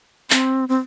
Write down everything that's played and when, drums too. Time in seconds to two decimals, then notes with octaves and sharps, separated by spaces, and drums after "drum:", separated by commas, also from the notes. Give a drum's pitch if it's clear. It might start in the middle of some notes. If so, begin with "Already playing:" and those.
0.30 C4, drum: clap
0.69 C4